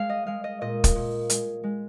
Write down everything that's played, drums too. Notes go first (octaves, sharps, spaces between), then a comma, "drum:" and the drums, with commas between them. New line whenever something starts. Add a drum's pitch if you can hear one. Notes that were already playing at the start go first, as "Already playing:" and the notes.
Already playing: G#3 F5
D#5
G#3 F5
D#5
A#2 D#5
drum: kick, hi-hat
A#2
G#3, drum: hi-hat
G#3